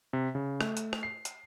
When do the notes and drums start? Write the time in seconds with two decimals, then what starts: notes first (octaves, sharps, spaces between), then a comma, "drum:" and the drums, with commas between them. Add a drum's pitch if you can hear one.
0.13 C3
0.35 C#3
0.61 A3, drum: rim click
0.77 drum: hi-hat
0.93 drum: rim click
1.03 C7
1.25 drum: hi-hat